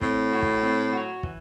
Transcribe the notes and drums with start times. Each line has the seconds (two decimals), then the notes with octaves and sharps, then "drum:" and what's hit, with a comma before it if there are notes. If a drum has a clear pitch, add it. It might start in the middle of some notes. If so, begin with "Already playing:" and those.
0.01 A2 C4, drum: kick
0.33 F#4 C#5
0.42 drum: kick
0.63 C4
0.93 F#4 C#5
1.23 E3, drum: kick